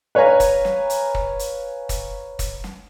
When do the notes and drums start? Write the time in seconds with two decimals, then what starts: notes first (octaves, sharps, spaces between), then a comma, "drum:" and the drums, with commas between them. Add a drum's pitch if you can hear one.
0.15 B4 C#5 F5 G#5 A#5
0.40 drum: kick, hi-hat
0.65 drum: snare
0.90 drum: hi-hat
1.15 drum: kick
1.39 drum: hi-hat
1.89 drum: kick, hi-hat
2.39 drum: kick, hi-hat
2.64 drum: snare